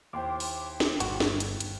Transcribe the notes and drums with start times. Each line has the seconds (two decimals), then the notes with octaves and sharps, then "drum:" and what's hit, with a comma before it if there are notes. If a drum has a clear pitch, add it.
0.13 D#2 E4 C5 G5 C6 D6
0.40 drum: open hi-hat
0.80 drum: snare
1.00 G1 F#4, drum: hi-hat
1.20 drum: snare
1.40 drum: hi-hat
1.60 drum: hi-hat